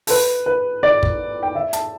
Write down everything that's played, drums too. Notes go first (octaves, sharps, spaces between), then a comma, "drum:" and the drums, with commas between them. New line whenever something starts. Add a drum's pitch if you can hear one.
A4, drum: open hi-hat
B4
B4
D5
drum: kick
G5
E5
A5, drum: hi-hat